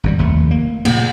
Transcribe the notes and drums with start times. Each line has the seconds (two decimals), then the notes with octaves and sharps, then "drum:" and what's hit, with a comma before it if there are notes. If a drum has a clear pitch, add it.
0.04 G#1 F#2 G3
0.19 F1 D#2 A3
0.51 A#3
0.85 A#2 C#3 A#3, drum: cymbal